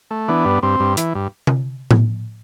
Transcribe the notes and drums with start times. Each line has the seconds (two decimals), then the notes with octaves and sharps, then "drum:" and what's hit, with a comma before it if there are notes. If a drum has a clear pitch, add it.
0.11 A3
0.28 E3 B3 D4
0.45 G2
0.63 G2 C4
0.80 G2
0.97 E3, drum: hi-hat
1.15 G2
1.47 drum: tom C3
1.91 drum: tom A2